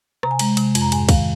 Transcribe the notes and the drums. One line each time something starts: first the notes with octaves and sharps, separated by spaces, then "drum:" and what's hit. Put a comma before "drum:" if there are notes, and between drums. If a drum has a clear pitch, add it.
C3 A#5, drum: rim click
G#5
G#3 A#5, drum: cymbal
C3, drum: cymbal
F2, drum: cymbal
A#5
G#2 G#5, drum: cymbal
D#3 F5, drum: kick, cymbal